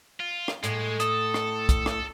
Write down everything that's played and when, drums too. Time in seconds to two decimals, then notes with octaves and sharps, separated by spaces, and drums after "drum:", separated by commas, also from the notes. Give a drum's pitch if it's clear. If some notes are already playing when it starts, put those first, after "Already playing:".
0.20 F4
0.48 drum: rim click
0.64 A2 G#3, drum: hi-hat
1.00 A4 D#6, drum: hi-hat
1.34 drum: rim click
1.69 drum: kick, hi-hat
1.86 drum: rim click